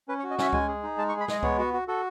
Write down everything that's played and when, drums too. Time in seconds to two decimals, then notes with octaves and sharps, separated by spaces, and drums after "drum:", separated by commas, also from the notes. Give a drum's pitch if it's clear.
0.08 C#4 B4
0.19 C#5
0.24 F#4
0.30 D#5
0.38 C#4 E5, drum: snare
0.53 G#3 G#5, drum: kick C#2
0.68 G#4
0.83 D#4
0.98 G#3 A5
1.09 C#6
1.13 G#4
1.20 B5
1.28 G#3 D#5, drum: snare
1.43 B3 C#5, drum: kick C#2
1.58 F#4
1.74 F#4
1.88 F#4 A4